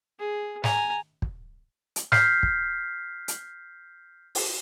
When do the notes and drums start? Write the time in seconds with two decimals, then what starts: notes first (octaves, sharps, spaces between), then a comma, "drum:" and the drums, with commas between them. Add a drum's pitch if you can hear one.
0.19 G#4
0.64 G#5 A#5, drum: snare
1.22 drum: kick
1.96 drum: hi-hat
2.12 F6 G6 B6 C7, drum: snare
2.43 drum: kick
3.28 drum: hi-hat
4.35 drum: open hi-hat